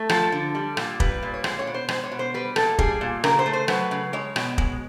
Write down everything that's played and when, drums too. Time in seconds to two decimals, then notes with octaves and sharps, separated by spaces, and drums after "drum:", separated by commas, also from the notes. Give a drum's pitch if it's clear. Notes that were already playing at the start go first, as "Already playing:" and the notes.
Already playing: A3
0.09 F3 A4, drum: rim click
0.32 D3
0.55 G3
0.77 A#2, drum: rim click
1.00 G3 B4, drum: kick
1.22 A#2
1.34 C#5
1.44 G#3 C5, drum: rim click
1.59 C#5
1.67 B2
1.74 C5
1.89 G#3 C5, drum: rim click
2.04 C#5
2.11 B2
2.19 C5
2.34 G3 B4
2.56 A#2 A4, drum: rim click
2.79 G3 G#4, drum: kick
3.01 A#2
3.24 C#3 A#4, drum: rim click
3.39 C5
3.46 A3
3.53 C5
3.68 F#3 B4, drum: rim click
3.91 C#3
4.13 G#3 C#5
4.36 B2, drum: rim click
4.58 G#3, drum: kick